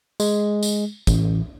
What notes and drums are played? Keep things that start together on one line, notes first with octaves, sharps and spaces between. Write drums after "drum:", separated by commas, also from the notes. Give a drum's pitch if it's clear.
G#3, drum: tambourine
drum: tambourine
A1, drum: kick, tambourine